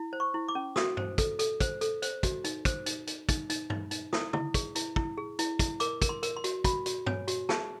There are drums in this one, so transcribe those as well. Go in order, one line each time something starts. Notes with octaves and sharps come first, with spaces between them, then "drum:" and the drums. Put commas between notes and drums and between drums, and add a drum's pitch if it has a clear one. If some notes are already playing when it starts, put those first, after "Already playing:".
Already playing: E4
C5
C#6
E4
D6
C#4
F#4 D#6, drum: snare
C5, drum: tom
A4, drum: kick, hi-hat
A4, drum: hi-hat
C5, drum: kick, hi-hat
A4, drum: hi-hat
C5, drum: hi-hat
F#4, drum: kick, hi-hat
D#4, drum: hi-hat
C5, drum: kick, hi-hat
D#4, drum: hi-hat
D#4, drum: hi-hat
D#4, drum: kick, hi-hat
D#4, drum: hi-hat
D#4, drum: tom
D#4, drum: hi-hat
E4 D#6, drum: snare
E4, drum: tom
G#4, drum: kick, hi-hat
E4, drum: hi-hat
E4, drum: kick
G#4
E4, drum: hi-hat
E4, drum: kick, hi-hat
A#4 D6, drum: hi-hat
A#4, drum: kick, hi-hat
C6
A#4, drum: hi-hat
C6
F#4, drum: hi-hat
F#4 B5, drum: kick, hi-hat
F#4, drum: hi-hat
C#5 G#5, drum: tom
F#4, drum: hi-hat
G#4 A5, drum: snare